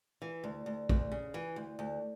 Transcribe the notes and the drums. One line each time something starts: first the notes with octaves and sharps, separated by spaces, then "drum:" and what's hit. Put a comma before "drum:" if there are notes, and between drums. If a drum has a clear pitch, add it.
E3
D2
D2
D2, drum: kick
C#3
E3
D2
D2